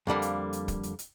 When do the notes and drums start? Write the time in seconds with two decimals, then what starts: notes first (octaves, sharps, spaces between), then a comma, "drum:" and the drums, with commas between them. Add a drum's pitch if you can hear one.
0.07 F2 D3 G3 A#3
0.22 drum: hi-hat
0.53 drum: hi-hat
0.68 drum: kick, hi-hat
0.83 drum: hi-hat
0.99 drum: hi-hat